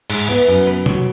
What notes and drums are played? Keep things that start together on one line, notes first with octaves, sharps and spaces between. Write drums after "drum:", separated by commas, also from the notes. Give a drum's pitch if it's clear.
G#2, drum: cymbal
B3 E4
F#2
B4
F#3, drum: tom B2